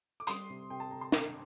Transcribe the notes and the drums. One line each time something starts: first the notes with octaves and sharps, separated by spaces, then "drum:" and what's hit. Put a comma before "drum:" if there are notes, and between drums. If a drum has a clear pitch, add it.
D6
G3 C6 D#6, drum: hi-hat
C3
C3 G5
A5
C3 A#5
C6
C3 A#5 D6, drum: snare